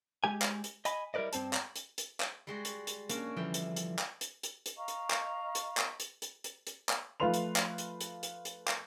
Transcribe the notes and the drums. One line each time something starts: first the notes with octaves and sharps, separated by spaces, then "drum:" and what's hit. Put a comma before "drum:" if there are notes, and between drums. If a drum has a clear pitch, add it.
G#3 G4 G#5
drum: clap
drum: hi-hat
D#5 G#5 B5, drum: hi-hat
G3 E4 A#4 B4 D5 D#5
G2 C4 C5 A5, drum: hi-hat
drum: clap
drum: hi-hat
drum: hi-hat
drum: clap
G3 G#3 F#4
drum: hi-hat
drum: hi-hat
A#3 C#4 D4 F#4, drum: hi-hat
D3 E3 F3 G3 E4 G5
drum: hi-hat
drum: hi-hat
drum: clap
drum: hi-hat
drum: hi-hat
drum: hi-hat
D#5 F5 A#5 C#6
drum: hi-hat
drum: clap
drum: hi-hat
drum: clap
drum: hi-hat
drum: hi-hat
drum: hi-hat
drum: hi-hat
drum: clap
F3 A3 F4 B4 C6 F7
drum: hi-hat
drum: clap
drum: hi-hat
drum: hi-hat
drum: hi-hat
drum: hi-hat
drum: clap